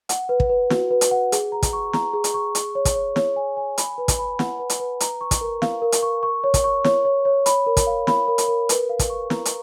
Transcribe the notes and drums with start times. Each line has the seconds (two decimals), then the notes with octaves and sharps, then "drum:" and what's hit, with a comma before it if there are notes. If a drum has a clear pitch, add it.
0.09 F#5, drum: hi-hat
0.29 B4
0.40 drum: kick
0.50 B4
0.70 F#4, drum: snare
0.91 B4
1.01 drum: hi-hat
1.11 F#5
1.32 G#4, drum: hi-hat
1.52 A#5
1.63 drum: kick, hi-hat
1.73 C#6
1.93 A#5, drum: snare
2.13 G#4
2.24 drum: hi-hat
2.34 C#6
2.55 G#4, drum: hi-hat
2.75 C#5
2.85 drum: kick, hi-hat
2.95 C#5
3.16 C#5, drum: snare
3.36 G#5
3.57 G#5
3.78 B5, drum: hi-hat
3.98 B4
4.08 drum: kick, hi-hat
4.19 B5
4.39 F#5, drum: snare
4.59 B4
4.70 drum: hi-hat
4.80 B4
5.00 A#5, drum: hi-hat
5.21 C#6
5.31 drum: kick, hi-hat
5.41 A#4
5.62 F5, drum: snare
5.82 A#4
5.92 drum: hi-hat
6.03 C#6
6.23 C#6
6.44 C#5
6.54 drum: kick, hi-hat
6.64 C#6
6.84 C#5, drum: snare
7.05 C#5
7.25 C#5
7.46 B5, drum: hi-hat
7.66 A#4
7.77 drum: kick, hi-hat
7.87 F5
8.07 B5, drum: snare
8.28 A#4
8.38 drum: hi-hat
8.48 A#4
8.69 B4, drum: hi-hat
8.89 F5
8.99 drum: kick, hi-hat
9.10 C#6
9.30 A#5, drum: snare
9.45 drum: hi-hat